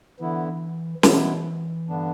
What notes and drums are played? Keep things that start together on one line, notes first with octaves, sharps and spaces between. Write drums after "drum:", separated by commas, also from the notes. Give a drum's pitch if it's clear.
D3 E3 B3 E4
B2 E3 B3 E4, drum: snare
G2 D3 B3 D4